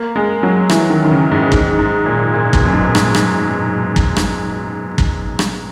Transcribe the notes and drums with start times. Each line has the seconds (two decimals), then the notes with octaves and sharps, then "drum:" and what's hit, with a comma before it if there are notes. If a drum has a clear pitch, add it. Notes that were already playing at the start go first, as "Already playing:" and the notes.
Already playing: A#3
0.16 G#3
0.43 F#3
0.69 E3, drum: rim click
0.90 D#3
1.05 D#3
1.11 C#3
1.31 G#2
1.52 G#2, drum: kick
1.79 G#2
2.06 A#2
2.33 A#2
2.53 B2, drum: kick
2.65 F#2
2.73 G#2
2.95 G#2, drum: rim click
3.15 drum: rim click
3.96 drum: kick
4.16 drum: rim click
4.98 drum: kick
5.39 drum: rim click